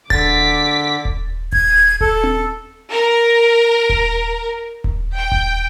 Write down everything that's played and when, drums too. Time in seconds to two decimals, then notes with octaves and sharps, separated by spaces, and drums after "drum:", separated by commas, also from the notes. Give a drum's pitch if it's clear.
0.10 D3 D6 A6 B6, drum: kick D#1
1.05 drum: kick D#1
1.52 G#6, drum: kick D#1
2.01 A4, drum: kick D#1
2.24 drum: tom C4
2.91 A#4
3.89 drum: kick D#1
4.84 drum: kick D#1
5.15 G5
5.32 drum: kick D#1